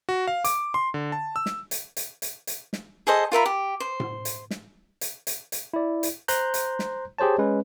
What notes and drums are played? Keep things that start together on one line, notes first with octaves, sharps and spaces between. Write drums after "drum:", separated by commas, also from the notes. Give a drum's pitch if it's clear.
F#4
F5
D6, drum: hi-hat
C6
D3
A5
E6
drum: snare
drum: hi-hat
drum: hi-hat
drum: hi-hat
drum: hi-hat
drum: snare
G#4 A4 C5 D#5
F4 A#4 E5 B5
G4
C5
drum: tom A2
drum: hi-hat
drum: snare
drum: hi-hat
drum: hi-hat
drum: hi-hat
E4 D5
drum: hi-hat
C5 A#5 C6 F#6 G6, drum: hi-hat
drum: hi-hat
drum: snare
G4 G#4 C5 C#5 A5
G#3 C#4 B4